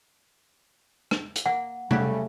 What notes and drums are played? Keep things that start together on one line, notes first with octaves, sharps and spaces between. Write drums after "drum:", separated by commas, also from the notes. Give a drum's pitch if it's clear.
drum: rim click
drum: hi-hat
A#3 F#5
C#3 F#3 G3 A3 E4 G4, drum: tom C3